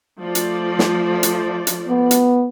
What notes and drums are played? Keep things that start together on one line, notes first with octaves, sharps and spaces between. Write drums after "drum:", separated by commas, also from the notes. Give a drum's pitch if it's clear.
F3 A3 D5
drum: hi-hat
drum: snare
drum: hi-hat
drum: hi-hat
B3
drum: hi-hat